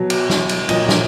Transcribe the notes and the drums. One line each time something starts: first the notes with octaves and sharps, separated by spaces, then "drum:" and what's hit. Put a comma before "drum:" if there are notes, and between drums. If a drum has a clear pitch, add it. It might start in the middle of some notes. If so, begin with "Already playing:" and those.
Already playing: B2 F#3
drum: cymbal
drum: snare
drum: cymbal
A#2 F#3 D#5, drum: cymbal
drum: snare